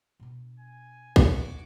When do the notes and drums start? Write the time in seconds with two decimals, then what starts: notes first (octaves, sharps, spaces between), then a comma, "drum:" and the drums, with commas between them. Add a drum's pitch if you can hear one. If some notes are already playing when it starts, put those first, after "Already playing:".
0.20 B2 D4
0.60 G#5
1.16 F#4 D6, drum: kick